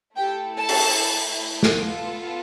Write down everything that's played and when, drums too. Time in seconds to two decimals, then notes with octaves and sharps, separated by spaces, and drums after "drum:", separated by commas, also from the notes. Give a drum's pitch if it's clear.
0.16 A3 E4 G4 A4 G5
0.56 A4 A5
0.69 drum: open hi-hat
1.63 drum: snare
1.76 B3 F4 A4